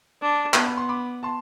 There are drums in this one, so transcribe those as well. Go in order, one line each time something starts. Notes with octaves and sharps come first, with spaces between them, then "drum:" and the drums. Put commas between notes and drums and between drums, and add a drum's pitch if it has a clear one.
D4
B3 A5, drum: clap
B5
C6
B5 D6
A5 C6